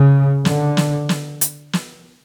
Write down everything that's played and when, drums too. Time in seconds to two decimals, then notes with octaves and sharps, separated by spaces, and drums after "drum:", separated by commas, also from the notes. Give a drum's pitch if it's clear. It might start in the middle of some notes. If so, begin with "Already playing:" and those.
Already playing: C#3
0.45 D3, drum: snare
0.77 drum: snare
1.09 drum: snare
1.41 drum: hi-hat
1.73 drum: snare